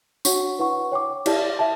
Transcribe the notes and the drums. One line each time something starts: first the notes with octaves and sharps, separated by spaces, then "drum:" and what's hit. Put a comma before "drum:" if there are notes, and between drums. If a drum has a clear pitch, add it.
D4 F#4 C#5 F#5 C#6, drum: tambourine
E4 B4 F#5 C#6
C#5 G5 D6
E4 G4 D5 A5, drum: cymbal
E5 A5